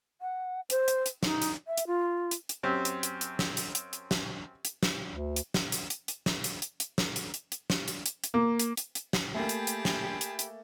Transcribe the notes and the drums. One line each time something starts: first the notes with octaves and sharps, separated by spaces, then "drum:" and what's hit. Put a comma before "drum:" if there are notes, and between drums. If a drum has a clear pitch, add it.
F#5
C5, drum: hi-hat
drum: hi-hat
drum: hi-hat
D#4, drum: snare
drum: hi-hat
E5
drum: hi-hat
F4
drum: hi-hat
drum: hi-hat
F#2 C4 G4
drum: hi-hat
drum: hi-hat
drum: hi-hat
drum: snare
drum: hi-hat
drum: hi-hat
drum: hi-hat
drum: snare
drum: hi-hat
drum: snare
D2
drum: hi-hat
drum: snare
drum: hi-hat
drum: hi-hat
drum: hi-hat
drum: snare
drum: hi-hat
drum: hi-hat
drum: hi-hat
drum: snare
drum: hi-hat
drum: hi-hat
drum: hi-hat
drum: snare
drum: hi-hat
drum: hi-hat
drum: hi-hat
A#3
drum: hi-hat
drum: hi-hat
drum: hi-hat
drum: snare
A3 A#3 G4 G#4 G5 A5 B5
drum: hi-hat
drum: hi-hat
drum: snare
drum: hi-hat
drum: hi-hat